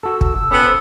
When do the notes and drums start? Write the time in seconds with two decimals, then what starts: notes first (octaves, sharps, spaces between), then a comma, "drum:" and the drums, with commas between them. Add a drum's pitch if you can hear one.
0.03 F#4 A4 E6
0.21 drum: kick
0.51 B3 C#4 A4 G5
0.66 C5